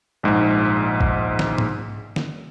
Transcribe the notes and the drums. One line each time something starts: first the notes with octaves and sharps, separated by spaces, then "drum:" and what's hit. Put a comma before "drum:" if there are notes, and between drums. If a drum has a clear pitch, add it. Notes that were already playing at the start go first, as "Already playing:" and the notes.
A#1 G#2
drum: kick A1
drum: snare
drum: tom G#2
drum: snare